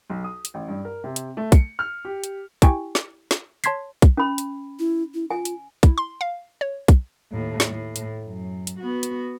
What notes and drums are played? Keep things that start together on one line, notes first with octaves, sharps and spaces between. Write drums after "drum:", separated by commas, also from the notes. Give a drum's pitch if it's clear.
B1
D#6
drum: hi-hat
A1
G2
A#4
C3
drum: hi-hat
A3
C#7, drum: kick, hi-hat
F6
G4
drum: hi-hat
E4 G4 G5 G#5 C#6, drum: kick, hi-hat
drum: snare
drum: snare
C#5 A5 C6 G#6 B6 C7, drum: hi-hat
drum: kick, hi-hat
C#4 B5
drum: hi-hat
E4
E4
F4 G#5
drum: hi-hat
E4, drum: kick, hi-hat
C6
F5
C#5
drum: kick, hi-hat
D#2 A2
drum: snare
A2
drum: hi-hat
F#2
drum: hi-hat
B3 F#4
drum: hi-hat